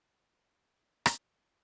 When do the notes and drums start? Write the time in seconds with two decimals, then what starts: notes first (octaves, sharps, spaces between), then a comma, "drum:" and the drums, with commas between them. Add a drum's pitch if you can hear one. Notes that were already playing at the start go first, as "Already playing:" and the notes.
0.10 A#3
0.77 A3
1.06 drum: rim click